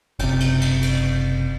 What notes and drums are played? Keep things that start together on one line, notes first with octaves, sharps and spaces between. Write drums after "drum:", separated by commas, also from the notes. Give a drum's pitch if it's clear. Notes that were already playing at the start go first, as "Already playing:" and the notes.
F#1 C3, drum: cymbal
drum: cymbal
drum: cymbal
drum: cymbal